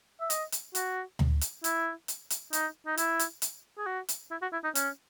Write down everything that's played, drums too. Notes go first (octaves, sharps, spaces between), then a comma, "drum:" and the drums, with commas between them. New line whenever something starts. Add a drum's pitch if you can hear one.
E5
D#5, drum: hi-hat
drum: hi-hat
F#4, drum: hi-hat
drum: tom D2
drum: hi-hat
E4, drum: hi-hat
drum: hi-hat
drum: hi-hat
D#4, drum: hi-hat
D#4
E4, drum: hi-hat
drum: hi-hat
drum: hi-hat
G#4
F#4
drum: hi-hat
E4
F#4
E4
D#4
C#4, drum: hi-hat